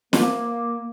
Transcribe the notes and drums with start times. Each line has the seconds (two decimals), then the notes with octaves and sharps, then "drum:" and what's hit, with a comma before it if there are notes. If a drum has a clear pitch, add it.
0.13 A#3, drum: snare